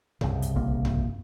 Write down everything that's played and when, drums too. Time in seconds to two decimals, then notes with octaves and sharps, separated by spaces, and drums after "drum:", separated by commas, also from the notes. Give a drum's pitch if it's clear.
0.21 C2 C#3, drum: tom F#2
0.42 drum: hi-hat
0.55 D#1 A#1 A#3
0.85 drum: tom F#2